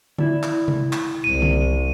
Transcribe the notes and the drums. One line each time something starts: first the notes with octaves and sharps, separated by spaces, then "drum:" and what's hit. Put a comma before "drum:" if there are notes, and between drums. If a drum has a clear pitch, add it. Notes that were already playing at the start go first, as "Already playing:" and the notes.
E4 D5, drum: tom D3
drum: clap
drum: tom C3
drum: clap
C2 D#7
drum: tom D3